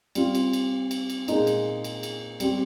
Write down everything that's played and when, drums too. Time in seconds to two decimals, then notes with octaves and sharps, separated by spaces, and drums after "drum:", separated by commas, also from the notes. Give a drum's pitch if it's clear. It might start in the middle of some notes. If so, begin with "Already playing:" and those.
0.15 G3 C4 F4, drum: cymbal
0.35 drum: cymbal
0.53 drum: cymbal
0.91 drum: cymbal
1.10 drum: cymbal
1.28 A#2 G#3 D#4, drum: cymbal
1.47 drum: cymbal
1.84 drum: cymbal
2.03 drum: cymbal
2.40 G3 C4 G4, drum: cymbal